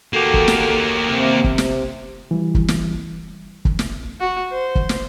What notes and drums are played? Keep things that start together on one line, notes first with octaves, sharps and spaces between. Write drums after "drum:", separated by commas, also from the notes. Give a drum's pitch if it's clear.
A#3 F#4 G4 A4
drum: kick
drum: snare
C3
drum: kick
drum: snare
E3 G3
drum: kick
drum: snare
drum: kick
drum: snare
F#4
C5
drum: kick
drum: snare